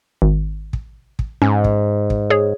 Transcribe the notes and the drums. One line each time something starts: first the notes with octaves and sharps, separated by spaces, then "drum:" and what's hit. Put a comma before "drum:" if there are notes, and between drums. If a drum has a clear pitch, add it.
G#1
drum: kick
drum: kick
G#2 C#4
drum: kick
drum: kick
G#4 C#5